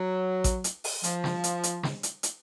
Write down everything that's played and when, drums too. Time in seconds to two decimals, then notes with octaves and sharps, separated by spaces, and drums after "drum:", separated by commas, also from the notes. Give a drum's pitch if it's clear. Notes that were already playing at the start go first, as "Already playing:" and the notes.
Already playing: F#3
0.44 drum: kick A1, hi-hat
0.64 drum: hi-hat
0.84 drum: open hi-hat
1.04 F3, drum: hi-hat
1.24 drum: snare
1.44 drum: hi-hat
1.63 drum: hi-hat
1.83 drum: snare
2.03 drum: hi-hat
2.23 drum: hi-hat